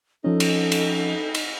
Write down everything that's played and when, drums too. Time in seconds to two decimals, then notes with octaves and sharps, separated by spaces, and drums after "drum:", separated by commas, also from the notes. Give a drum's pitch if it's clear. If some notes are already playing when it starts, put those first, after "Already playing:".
0.24 F3 C#4 D#4 A4
0.40 drum: cymbal
0.72 drum: cymbal
1.35 drum: cymbal